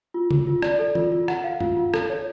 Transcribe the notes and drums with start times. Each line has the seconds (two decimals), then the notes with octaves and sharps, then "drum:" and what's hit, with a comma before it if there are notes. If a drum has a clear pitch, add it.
0.14 F4
0.31 F4, drum: tom C#3
0.47 F4
0.62 D5, drum: rim click
0.79 A4
0.95 F4, drum: tom E3
1.12 F4
1.28 F#5, drum: rim click
1.44 F5
1.60 F4, drum: tom G2
1.77 F4
1.94 A4, drum: rim click
2.10 C#5